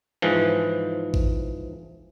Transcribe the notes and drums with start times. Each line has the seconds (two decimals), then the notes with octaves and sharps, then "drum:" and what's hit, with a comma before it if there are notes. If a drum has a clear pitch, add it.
0.22 G#2 E3 F3
1.14 drum: kick A1